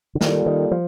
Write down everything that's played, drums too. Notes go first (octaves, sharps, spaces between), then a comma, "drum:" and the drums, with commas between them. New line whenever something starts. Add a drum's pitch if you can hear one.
D3
D#3 G3 A#3 F4 A4 D5, drum: snare
D#3
F3